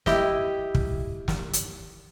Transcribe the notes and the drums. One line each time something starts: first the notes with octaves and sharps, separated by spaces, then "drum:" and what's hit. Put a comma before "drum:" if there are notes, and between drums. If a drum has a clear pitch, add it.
E4 G4 D#5, drum: snare
drum: kick
drum: snare
drum: hi-hat